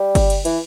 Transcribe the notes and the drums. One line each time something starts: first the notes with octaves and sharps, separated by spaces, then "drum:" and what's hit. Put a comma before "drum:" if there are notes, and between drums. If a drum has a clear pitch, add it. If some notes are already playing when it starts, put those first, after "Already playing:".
Already playing: G3
drum: kick G1, cymbal
drum: cymbal
E3, drum: cymbal